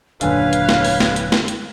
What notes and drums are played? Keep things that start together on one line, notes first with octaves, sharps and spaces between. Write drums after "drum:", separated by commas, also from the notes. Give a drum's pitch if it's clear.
D#1 F#2 A#2 D3 B4 C#5 F5 G#5, drum: hi-hat
drum: hi-hat
drum: snare
drum: open hi-hat
drum: snare
drum: hi-hat
drum: snare
drum: hi-hat